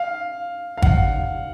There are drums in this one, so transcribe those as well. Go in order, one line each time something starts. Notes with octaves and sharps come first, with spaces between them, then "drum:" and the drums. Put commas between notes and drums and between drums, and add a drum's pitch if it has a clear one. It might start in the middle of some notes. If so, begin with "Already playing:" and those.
Already playing: F5
F5
F#5, drum: kick G#1